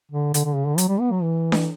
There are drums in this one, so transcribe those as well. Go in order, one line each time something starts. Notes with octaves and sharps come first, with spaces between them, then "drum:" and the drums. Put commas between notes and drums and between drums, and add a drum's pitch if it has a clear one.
D3
D3, drum: hi-hat
D3
C#3
D3
F#3, drum: hi-hat
G3
B3
F#3
E3
drum: snare D4